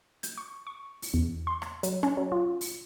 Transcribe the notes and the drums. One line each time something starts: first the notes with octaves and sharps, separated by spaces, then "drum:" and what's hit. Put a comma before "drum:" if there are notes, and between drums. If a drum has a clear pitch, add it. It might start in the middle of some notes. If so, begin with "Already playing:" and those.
G6, drum: hi-hat
C#6
C#6
drum: open hi-hat
E2
C6
drum: rim click
F#3, drum: hi-hat
C#4, drum: rim click
F#3
F4
drum: open hi-hat